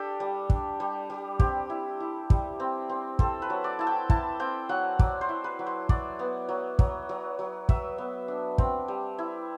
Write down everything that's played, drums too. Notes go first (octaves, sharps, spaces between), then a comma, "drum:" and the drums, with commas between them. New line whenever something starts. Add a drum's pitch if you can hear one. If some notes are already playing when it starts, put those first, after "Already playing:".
Already playing: D4 G4 A4
G3
D4, drum: kick
G3
G3
C4 G4, drum: kick
E4
E4
G3, drum: kick
C4
C4
C4 A4, drum: kick
B4
F#3
D5
E4 A5
G5
E4 A5, drum: kick
C4 G5
F#3 F#5
F#3 D5, drum: kick
C5
E4
B4
F#3
C5
F#3 D5, drum: kick
B3
F#3
F#3, drum: kick
F#3
F#3
F#3 E5, drum: kick
B3
D4
C4, drum: kick
G3
E4